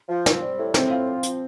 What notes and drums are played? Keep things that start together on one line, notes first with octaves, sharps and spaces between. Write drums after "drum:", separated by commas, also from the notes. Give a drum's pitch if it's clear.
F3
C4, drum: snare
G3
A2
A2 C4, drum: snare
F4
F3
drum: hi-hat